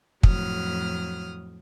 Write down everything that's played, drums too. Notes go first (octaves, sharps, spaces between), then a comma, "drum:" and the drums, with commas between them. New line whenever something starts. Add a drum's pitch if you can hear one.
F2 A2 F#3 D#6 F6, drum: kick